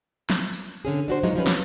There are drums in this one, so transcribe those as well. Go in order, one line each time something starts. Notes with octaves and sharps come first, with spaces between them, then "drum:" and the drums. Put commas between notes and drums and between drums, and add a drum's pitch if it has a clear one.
drum: snare
drum: tambourine
D3 C#4 G#4
D4 F#4 C5
F3 F#3 G#3 D#4
F3 G3 C#4 B4
drum: snare